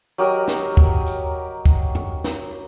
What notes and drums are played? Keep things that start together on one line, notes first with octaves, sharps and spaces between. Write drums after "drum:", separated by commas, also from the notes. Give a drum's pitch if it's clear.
F#3 G4 A#4 D#5
drum: snare
drum: kick
drum: tambourine
drum: kick, tambourine
drum: tom F2
drum: snare